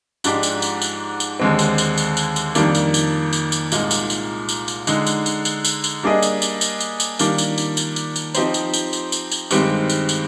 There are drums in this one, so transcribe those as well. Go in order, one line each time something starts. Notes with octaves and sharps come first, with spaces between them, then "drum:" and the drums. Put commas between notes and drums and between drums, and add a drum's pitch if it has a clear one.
G#2 F3 G#3 D4 G4, drum: tambourine
drum: tambourine
drum: tambourine
drum: tambourine
drum: tambourine
D#2 D3 G#3 C4
drum: tambourine
drum: tambourine
drum: tambourine
drum: tambourine
drum: tambourine
F2 D#3 G3 A#3 D4, drum: tambourine
drum: tambourine
drum: tambourine
drum: tambourine
drum: tambourine
C2 A#2 G#3 D#4, drum: tambourine
drum: tambourine
drum: tambourine
drum: tambourine
drum: tambourine
D3 G#3 D#4, drum: tambourine
drum: tambourine
drum: tambourine
drum: tambourine
drum: tambourine
drum: tambourine
G3 A#3 D4 G#4 D#5
drum: tambourine
drum: tambourine
drum: tambourine
drum: tambourine
drum: tambourine
D#3 G3 A#3 D4 F4, drum: tambourine
drum: tambourine
drum: tambourine
drum: tambourine
drum: tambourine
drum: tambourine
F3 C4 D#4 G4 C5, drum: tambourine
drum: tambourine
drum: tambourine
drum: tambourine
drum: tambourine
drum: tambourine
G2 D#3 G#3 C4 G4, drum: tambourine
drum: tambourine
drum: tambourine